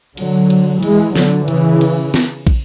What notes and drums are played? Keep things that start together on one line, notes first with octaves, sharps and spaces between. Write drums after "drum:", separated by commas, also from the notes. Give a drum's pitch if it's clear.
D3 F#3, drum: cymbal
drum: cymbal
E3 G#3, drum: cymbal
D3 F#3, drum: snare
C#3 E3, drum: cymbal
drum: cymbal
drum: snare
drum: kick, cymbal